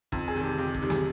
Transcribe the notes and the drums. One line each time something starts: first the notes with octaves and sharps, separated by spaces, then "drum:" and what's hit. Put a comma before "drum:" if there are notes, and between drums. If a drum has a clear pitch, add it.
F2, drum: kick G#1
G#4
C3 D#3 G3
G4
F2 G4
G4, drum: kick G#1
C3 D#3 G3
G#4, drum: snare